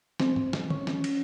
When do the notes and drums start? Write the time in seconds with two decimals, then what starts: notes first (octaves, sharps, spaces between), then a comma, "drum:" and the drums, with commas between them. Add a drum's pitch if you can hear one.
0.20 C4, drum: snare
0.36 drum: tom G#2
0.53 drum: snare
0.70 C#4, drum: tom D#3
0.87 drum: snare
1.04 drum: cymbal